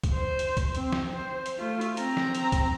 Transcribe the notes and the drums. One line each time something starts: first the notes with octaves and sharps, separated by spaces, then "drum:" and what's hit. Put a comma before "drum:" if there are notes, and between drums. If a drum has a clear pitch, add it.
drum: kick, hi-hat
C5
drum: hi-hat
drum: kick, hi-hat
C4, drum: hi-hat
drum: snare
C5
drum: hi-hat
A3 F4
drum: hi-hat
C4 A#5, drum: hi-hat
drum: snare
drum: hi-hat
drum: kick, hi-hat